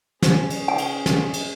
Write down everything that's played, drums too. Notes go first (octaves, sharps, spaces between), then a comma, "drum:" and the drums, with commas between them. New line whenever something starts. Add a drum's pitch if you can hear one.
C#4 G#4, drum: snare
drum: cymbal
G#5
drum: cymbal
drum: snare
drum: cymbal